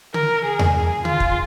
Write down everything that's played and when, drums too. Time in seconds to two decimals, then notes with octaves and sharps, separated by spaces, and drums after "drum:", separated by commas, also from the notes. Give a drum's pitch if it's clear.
0.14 A#4, drum: tom
0.45 G#4
0.59 drum: tom E2
0.74 G#4
1.05 F4, drum: tom
1.20 drum: kick